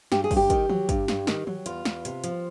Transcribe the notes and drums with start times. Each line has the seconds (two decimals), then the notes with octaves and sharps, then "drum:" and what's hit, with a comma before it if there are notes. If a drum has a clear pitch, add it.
0.12 G2 G4, drum: snare
0.24 G#4
0.31 G2, drum: kick, open hi-hat
0.37 G4
0.50 D#3, drum: kick, hi-hat
0.69 F#3, drum: tom D#3
0.89 G2, drum: kick, hi-hat
1.08 G2, drum: snare
1.27 D#3, drum: snare
1.47 F#3, drum: tom D#3
1.66 E2 F4, drum: hi-hat
1.85 E2, drum: snare
2.05 C3, drum: hi-hat
2.24 F3, drum: hi-hat